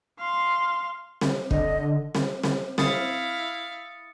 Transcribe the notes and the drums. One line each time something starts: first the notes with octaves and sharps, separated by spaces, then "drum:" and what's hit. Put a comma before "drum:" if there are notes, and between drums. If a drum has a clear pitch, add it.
F5 C6
drum: snare C4
D3 D#5, drum: kick
drum: snare C4
drum: snare C4
E4 F5 D#6 A6 C#7, drum: snare C4